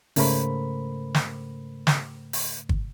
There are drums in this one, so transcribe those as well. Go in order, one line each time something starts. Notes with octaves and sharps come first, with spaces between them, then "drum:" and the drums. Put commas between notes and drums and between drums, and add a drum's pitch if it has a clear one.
G#2 C#3 A3 A#4 C5 B5, drum: open hi-hat
drum: snare
drum: snare
drum: open hi-hat
drum: kick